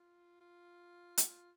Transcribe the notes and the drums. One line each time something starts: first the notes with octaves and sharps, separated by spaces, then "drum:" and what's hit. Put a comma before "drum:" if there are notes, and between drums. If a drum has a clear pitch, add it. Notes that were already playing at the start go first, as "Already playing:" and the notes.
Already playing: F4
F4
F#4, drum: hi-hat
F4